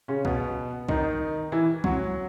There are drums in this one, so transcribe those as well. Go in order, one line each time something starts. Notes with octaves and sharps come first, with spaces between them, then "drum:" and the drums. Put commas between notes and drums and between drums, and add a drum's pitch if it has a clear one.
C#3 C#4
B2 B3, drum: kick C2
D#3 D#4, drum: kick C2
E3 E4
F#3 F#4, drum: kick C2